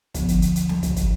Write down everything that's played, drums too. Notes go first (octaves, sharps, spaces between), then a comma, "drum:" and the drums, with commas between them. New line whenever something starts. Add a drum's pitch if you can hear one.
D2 D3 F3 B3, drum: kick, hi-hat
drum: hi-hat
drum: hi-hat
drum: hi-hat
drum: snare
drum: kick, hi-hat
drum: kick, hi-hat